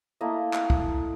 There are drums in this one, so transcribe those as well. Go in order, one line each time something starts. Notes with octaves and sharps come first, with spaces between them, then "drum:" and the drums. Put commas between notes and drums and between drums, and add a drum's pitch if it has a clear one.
A3 A#3 E4 D#5
drum: clap
drum: kick